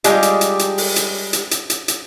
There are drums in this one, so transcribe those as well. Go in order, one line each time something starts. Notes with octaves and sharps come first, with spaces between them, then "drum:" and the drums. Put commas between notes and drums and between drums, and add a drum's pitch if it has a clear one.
G3 G#3 D4 F4 G4 D#5, drum: hi-hat
drum: hi-hat
drum: hi-hat
drum: hi-hat
drum: open hi-hat
drum: hi-hat
drum: hi-hat
drum: hi-hat
drum: hi-hat
drum: hi-hat